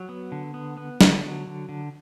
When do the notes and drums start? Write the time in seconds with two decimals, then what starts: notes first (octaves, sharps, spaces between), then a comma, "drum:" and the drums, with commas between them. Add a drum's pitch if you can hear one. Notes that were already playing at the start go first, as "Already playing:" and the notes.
Already playing: F#3
0.09 B3
0.32 D3
0.54 B3
0.77 B3
1.01 D3, drum: snare
1.24 F#3
1.47 D3
1.69 D3